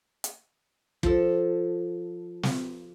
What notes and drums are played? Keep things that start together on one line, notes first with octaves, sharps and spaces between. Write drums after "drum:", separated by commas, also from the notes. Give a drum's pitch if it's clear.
drum: hi-hat
F3 A4, drum: kick
drum: snare